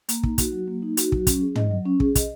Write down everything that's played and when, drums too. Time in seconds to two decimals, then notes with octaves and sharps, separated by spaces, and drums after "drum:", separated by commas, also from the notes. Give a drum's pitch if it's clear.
0.09 A#3, drum: hi-hat
0.23 D#4, drum: kick
0.38 F#4, drum: kick, hi-hat
0.52 F#3
0.68 A#3
0.82 D#4
0.97 F#4, drum: hi-hat
1.12 F#3, drum: kick
1.27 C#4, drum: kick, hi-hat
1.41 G#4
1.56 D#5, drum: tom
1.71 F#3
1.86 C#4
2.00 G#4, drum: kick
2.15 D#5, drum: kick, hi-hat